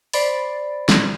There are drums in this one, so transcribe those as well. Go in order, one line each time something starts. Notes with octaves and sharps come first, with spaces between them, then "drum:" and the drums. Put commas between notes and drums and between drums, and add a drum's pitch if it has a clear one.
C5 D5 B5 A6, drum: open hi-hat
drum: snare